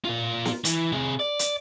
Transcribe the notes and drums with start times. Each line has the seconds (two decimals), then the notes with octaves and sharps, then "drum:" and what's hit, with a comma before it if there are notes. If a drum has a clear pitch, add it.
0.05 F4 A#4
0.45 drum: snare
0.65 E3, drum: hi-hat
0.92 C3 G#4
1.20 D5
1.39 drum: hi-hat